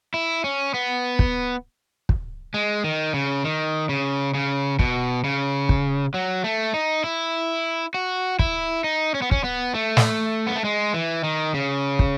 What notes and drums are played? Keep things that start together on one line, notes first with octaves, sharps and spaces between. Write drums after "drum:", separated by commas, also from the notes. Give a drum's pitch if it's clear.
E4
C#4
B3
drum: kick
drum: kick
G#3
D#3
C#3
D#3
C#3
C#3
B2, drum: kick
C#3
drum: kick
F#3
A3
D#4
E4
F#4
E4, drum: kick
D#4
C#4
B3
C#4, drum: kick
B3
A3
drum: snare
B3
A3
G#3
E3
D#3
C#3
drum: kick